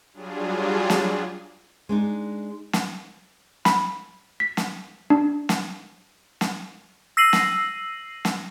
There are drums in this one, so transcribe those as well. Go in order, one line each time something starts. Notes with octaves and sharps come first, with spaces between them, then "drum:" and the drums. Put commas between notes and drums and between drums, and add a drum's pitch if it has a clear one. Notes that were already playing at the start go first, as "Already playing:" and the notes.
F#3 G3 D4 F4 G#4
drum: snare
G#3 D4 D#4
drum: snare
B5, drum: snare
B6
drum: snare
D4
drum: snare
drum: snare
E6 A#6 C7 D#7 F#7
drum: snare
drum: snare